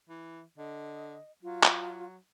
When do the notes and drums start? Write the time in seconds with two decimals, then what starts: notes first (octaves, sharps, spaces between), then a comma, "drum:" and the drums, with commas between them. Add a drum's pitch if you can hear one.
0.09 E3
0.58 D3 D#5
1.43 F#3 F4
1.63 drum: clap